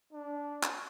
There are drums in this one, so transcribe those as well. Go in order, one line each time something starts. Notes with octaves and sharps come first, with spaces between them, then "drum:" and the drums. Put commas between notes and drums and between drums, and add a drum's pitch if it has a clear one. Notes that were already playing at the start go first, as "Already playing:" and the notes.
D4
drum: clap